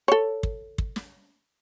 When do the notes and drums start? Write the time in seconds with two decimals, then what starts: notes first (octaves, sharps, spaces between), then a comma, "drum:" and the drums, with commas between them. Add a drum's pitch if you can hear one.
0.08 A4 C#5
0.43 drum: kick
0.78 drum: kick
0.96 drum: snare